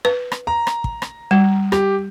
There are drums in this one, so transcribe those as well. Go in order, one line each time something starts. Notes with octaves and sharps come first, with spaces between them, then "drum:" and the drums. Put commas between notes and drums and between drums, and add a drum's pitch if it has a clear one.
B4
drum: rim click
A#5
drum: rim click
drum: kick
drum: rim click
G3
G4, drum: rim click